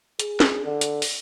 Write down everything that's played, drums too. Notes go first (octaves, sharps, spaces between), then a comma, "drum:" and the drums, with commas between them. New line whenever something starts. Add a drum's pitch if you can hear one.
G#4, drum: hi-hat
drum: snare
D3
drum: hi-hat
drum: open hi-hat